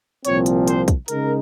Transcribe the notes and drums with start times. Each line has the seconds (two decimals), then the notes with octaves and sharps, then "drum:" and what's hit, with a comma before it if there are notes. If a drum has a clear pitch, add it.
0.25 C2 A#2 F3 C4 C#5, drum: hi-hat
0.46 drum: hi-hat
0.68 C5, drum: hi-hat
0.88 drum: kick, hi-hat
1.08 C#3 G#3 D#4 A#4, drum: hi-hat